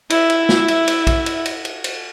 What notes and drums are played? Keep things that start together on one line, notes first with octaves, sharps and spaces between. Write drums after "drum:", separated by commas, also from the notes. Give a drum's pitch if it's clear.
E4 E5, drum: cymbal
drum: cymbal
drum: snare
drum: cymbal
drum: cymbal
drum: kick A#1, cymbal
drum: cymbal
drum: cymbal
drum: cymbal
drum: cymbal